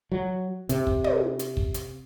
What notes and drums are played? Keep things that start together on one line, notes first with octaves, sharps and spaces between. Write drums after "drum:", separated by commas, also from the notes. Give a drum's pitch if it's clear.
F#3
C3, drum: hi-hat
drum: kick
drum: tom
drum: hi-hat
drum: kick
drum: hi-hat